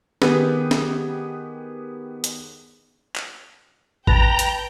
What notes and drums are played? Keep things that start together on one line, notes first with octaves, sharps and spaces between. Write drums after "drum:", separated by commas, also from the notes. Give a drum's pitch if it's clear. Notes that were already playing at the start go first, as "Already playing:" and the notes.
D#3 B3 G4 G#4 B4, drum: snare
drum: snare
drum: hi-hat
drum: clap
B4 G5 A5 A#5 G6, drum: kick A1
drum: hi-hat